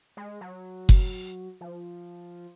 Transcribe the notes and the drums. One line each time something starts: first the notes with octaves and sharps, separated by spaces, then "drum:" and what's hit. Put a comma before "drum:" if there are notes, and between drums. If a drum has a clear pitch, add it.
G#3
F#3
drum: kick F#1
F3